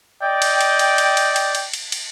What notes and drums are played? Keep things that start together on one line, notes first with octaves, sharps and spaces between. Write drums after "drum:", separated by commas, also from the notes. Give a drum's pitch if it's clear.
D5 D#5 G5
drum: cymbal
drum: cymbal
drum: cymbal
drum: cymbal
drum: cymbal
drum: cymbal
drum: cymbal
drum: cymbal
drum: cymbal